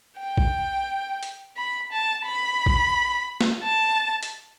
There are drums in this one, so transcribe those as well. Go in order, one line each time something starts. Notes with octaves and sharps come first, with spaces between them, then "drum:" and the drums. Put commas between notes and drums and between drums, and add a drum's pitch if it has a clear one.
G5
drum: kick A#1
drum: hi-hat
B5
A5
B5
drum: kick A#1
drum: snare
A5
drum: hi-hat